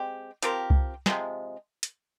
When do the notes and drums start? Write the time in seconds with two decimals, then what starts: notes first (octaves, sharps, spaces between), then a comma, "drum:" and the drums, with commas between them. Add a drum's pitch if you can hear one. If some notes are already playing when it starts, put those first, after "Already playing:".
Already playing: G#3 C4 G4
0.42 F3 C4 G4 A#4, drum: hi-hat
0.70 drum: kick C2
1.06 C3 F3 G#3, drum: snare
1.83 drum: hi-hat